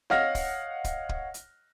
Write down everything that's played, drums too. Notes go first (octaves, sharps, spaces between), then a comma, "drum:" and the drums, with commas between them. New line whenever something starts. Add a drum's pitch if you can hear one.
C#5 D#5 F5 F#5 F6 A#6, drum: snare C4
drum: kick, open hi-hat
drum: kick, hi-hat
drum: kick
drum: hi-hat